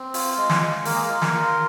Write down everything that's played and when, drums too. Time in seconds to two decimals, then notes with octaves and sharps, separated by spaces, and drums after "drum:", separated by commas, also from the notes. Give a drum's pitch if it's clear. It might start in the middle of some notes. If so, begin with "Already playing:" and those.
Already playing: C4
0.14 F4, drum: open hi-hat
0.37 G#3
0.50 drum: snare
0.62 G#3
0.85 A#3 A#4, drum: open hi-hat
0.95 G#4
1.03 A#4
1.10 F4
1.22 drum: snare
1.34 F4